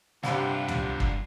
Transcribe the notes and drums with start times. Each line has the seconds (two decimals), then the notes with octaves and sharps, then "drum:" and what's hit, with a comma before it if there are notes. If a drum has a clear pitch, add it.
0.23 G2 C3 D4 F4 G4 F5 F#5 B5, drum: snare
0.68 drum: tom C#2
1.00 drum: kick